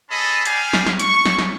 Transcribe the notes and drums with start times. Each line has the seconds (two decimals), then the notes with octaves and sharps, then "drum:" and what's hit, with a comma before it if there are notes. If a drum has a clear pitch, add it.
0.10 C#4 G#4 A4 D#5 A5 B5
0.45 G3 F5 G#5, drum: hi-hat
0.73 drum: snare
0.86 drum: snare
0.99 C#6, drum: hi-hat
1.25 drum: snare
1.39 drum: snare